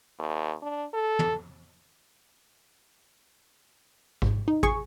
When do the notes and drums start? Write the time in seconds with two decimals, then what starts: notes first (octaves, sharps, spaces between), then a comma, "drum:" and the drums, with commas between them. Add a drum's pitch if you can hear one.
0.19 D#2
0.62 D4
0.94 A4
1.19 drum: tom
4.22 G#2, drum: kick G#1
4.48 D#4
4.63 G#4 C#6, drum: kick G#1